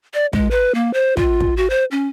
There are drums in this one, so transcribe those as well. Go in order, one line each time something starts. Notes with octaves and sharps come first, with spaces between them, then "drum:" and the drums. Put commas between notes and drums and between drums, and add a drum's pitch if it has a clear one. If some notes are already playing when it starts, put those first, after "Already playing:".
D5
G#3, drum: kick
B4
A#3
C5
F4, drum: kick
drum: kick
F#4
C5
C#4